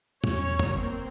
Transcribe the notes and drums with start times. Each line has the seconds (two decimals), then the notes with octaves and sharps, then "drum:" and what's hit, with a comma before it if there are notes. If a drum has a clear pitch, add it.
0.24 E2 C#4 C#5, drum: tom
0.59 drum: tom
0.75 F#1 A#3 C4